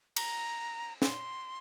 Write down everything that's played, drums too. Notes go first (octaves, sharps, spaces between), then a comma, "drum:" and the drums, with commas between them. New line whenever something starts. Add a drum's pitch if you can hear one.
A#5, drum: cymbal
C6, drum: snare